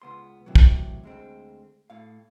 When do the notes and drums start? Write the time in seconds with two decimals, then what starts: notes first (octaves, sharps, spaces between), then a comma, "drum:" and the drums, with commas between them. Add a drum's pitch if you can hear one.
0.02 C#2 B3 C6
0.46 A2 C3 E3 F#3
0.55 drum: kick
1.03 D2 G#3 C4
1.90 A2 F5